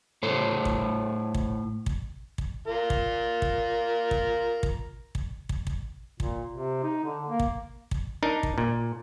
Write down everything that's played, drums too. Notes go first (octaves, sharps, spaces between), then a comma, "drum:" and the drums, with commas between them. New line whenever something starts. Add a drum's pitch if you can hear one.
A2 A4 C5 C#5
drum: kick
drum: kick
drum: kick
drum: kick
F4 A#4
drum: kick
drum: kick
drum: kick
drum: kick
drum: kick
drum: kick
drum: kick
A#2, drum: kick
C3
D#4
D3
A#3
drum: kick
drum: kick
D4 D#4 A#4
drum: kick
A#2